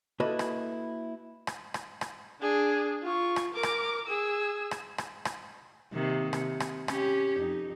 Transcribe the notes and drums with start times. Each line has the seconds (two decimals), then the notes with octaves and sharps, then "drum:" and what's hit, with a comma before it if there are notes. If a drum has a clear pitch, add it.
0.20 A#3 E4 F#4 A4 B4 D#5
0.39 drum: rim click
1.47 drum: rim click
1.74 drum: rim click
2.01 drum: rim click
2.41 D4 G#4
3.02 F4 C#6
3.36 drum: rim click
3.54 A#4 D6
3.63 drum: rim click
4.07 G#4 E6
4.71 drum: rim click
4.98 drum: rim click
5.25 drum: rim click
5.93 C3 D#3 A#3
6.33 C3, drum: rim click
6.60 drum: rim click
6.88 C#4 G4, drum: rim click
7.36 F2 D#4